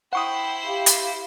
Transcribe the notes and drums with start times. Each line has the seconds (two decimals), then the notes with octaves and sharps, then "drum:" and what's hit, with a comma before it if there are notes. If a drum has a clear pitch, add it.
0.13 E4 C5 F#5 G5 C#6 D#6
0.66 G4 F5
0.86 drum: hi-hat